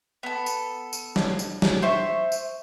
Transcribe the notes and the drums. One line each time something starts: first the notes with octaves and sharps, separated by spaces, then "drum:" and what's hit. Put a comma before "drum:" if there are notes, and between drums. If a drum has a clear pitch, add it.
B3 A4
drum: tambourine
drum: tambourine
drum: snare
drum: tambourine
drum: snare
C5 E5 C#6
drum: tambourine